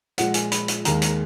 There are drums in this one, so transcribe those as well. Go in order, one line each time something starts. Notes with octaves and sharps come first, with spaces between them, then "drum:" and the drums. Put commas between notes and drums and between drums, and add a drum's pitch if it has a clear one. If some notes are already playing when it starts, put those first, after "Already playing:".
A#2 F3 G#3 F#5, drum: hi-hat
G#5, drum: hi-hat
B5, drum: hi-hat
drum: hi-hat
D#2 D#3 G#3 A#5, drum: hi-hat
drum: hi-hat